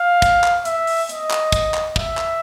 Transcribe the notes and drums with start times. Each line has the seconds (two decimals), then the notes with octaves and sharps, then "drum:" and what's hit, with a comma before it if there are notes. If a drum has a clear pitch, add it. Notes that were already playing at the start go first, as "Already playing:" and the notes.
Already playing: F5
0.22 drum: kick, hi-hat
0.44 drum: clap
0.65 E5, drum: hi-hat
0.87 drum: open hi-hat
1.09 D#5, drum: hi-hat
1.31 drum: clap
1.52 drum: kick, hi-hat
1.74 drum: clap
1.96 E5, drum: kick
2.18 drum: clap